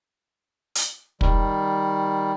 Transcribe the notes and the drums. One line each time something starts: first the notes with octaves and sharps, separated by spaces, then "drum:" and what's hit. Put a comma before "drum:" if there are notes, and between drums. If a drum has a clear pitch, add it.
drum: hi-hat
D#3 G3, drum: kick